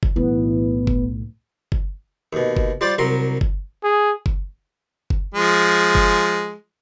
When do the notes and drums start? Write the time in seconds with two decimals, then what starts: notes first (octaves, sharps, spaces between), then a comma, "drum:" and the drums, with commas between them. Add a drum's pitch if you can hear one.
0.03 drum: kick F#1
0.16 B1 A2 E3 B3
0.87 drum: kick F#1
1.72 drum: kick F#1
2.33 D#2 B2
2.57 drum: kick F#1
2.81 G3 F4 C5 D5
2.98 C2 F#3 A#4 C6
3.41 drum: kick F#1
3.83 G#4
4.26 drum: kick F#1
5.10 drum: kick F#1
5.34 F3 G#3
5.95 drum: kick F#1